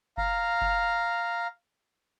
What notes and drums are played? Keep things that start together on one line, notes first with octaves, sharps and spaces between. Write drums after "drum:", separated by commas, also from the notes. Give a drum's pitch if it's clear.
F5 A#5, drum: kick F#1
drum: kick F#1